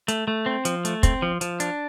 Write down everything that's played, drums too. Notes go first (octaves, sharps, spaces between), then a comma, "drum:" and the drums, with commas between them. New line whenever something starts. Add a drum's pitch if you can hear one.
A3, drum: hi-hat
A3
C4
F3, drum: hi-hat
A3, drum: hi-hat
C4, drum: kick, hi-hat
F3
F3, drum: hi-hat
D4, drum: hi-hat